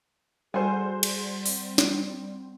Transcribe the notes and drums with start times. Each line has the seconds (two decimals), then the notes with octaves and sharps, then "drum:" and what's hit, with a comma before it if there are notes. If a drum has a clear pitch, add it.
0.54 G3 F#4 G#4 A4 C5 G#5
1.03 drum: cymbal
1.46 C4, drum: open hi-hat
1.78 drum: snare